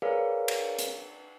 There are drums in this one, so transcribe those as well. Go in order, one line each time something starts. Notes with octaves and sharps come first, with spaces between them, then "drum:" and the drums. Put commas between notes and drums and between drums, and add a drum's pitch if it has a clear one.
G#4 A#4 B4 C#5 D5 F5
drum: cymbal
drum: hi-hat